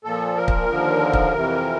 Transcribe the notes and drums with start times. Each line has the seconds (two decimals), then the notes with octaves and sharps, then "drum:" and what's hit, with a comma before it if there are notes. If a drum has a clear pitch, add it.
0.04 A#2 F3 A4
0.37 A#4
0.48 drum: kick
0.69 D#2 D3 F3
1.13 drum: kick
1.35 F2 C3 E3